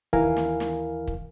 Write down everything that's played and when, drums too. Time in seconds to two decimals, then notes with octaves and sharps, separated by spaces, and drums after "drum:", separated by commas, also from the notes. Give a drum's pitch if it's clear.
0.13 D#2 E3 E4 A#4 F5 G#5, drum: kick
0.37 drum: snare
0.60 drum: snare
1.07 drum: kick